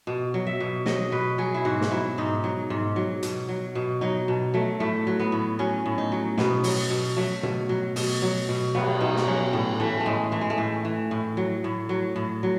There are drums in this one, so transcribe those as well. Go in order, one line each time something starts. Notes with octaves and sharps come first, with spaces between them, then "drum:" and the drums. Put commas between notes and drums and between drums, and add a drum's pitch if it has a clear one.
B2
F#3
E5
B2
F#3 D#5, drum: snare
B2 B4
F#3 G#4
E4
G#2 F#4
drum: snare
F#3 E4
G#2 D#4
F#3
G#2
F#3
B2, drum: hi-hat
F#3
B2
F#3 D#4
B2
F#3 A3
A2 A3
F#3
B3
A2
F#3 C#4
A2
D#4
F#3
B2 B3, drum: snare
F#3, drum: open hi-hat
B2
F#3 A3
B2, drum: tom
F#3
B2, drum: open hi-hat
F#3
B2
F#3 B3, drum: cymbal
B2 D#4
drum: snare
F#3 C#4
A2
E3 A3
A3
A2 G#3
E3 A3
G#3
A3
A2
E3
A2
F#3
A2
F#3
A2
F#3